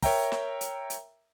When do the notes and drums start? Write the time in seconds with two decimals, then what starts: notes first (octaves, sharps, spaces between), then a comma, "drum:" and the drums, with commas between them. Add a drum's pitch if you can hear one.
0.03 A#4 C#5 E5 G5 A#5, drum: kick, open hi-hat
0.32 drum: snare
0.61 drum: hi-hat
0.90 drum: hi-hat